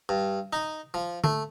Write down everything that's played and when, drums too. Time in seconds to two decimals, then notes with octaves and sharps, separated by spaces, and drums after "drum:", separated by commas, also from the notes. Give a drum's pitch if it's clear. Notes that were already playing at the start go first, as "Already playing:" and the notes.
0.09 G2
0.53 D#4
0.94 F3
1.24 A3, drum: tom D3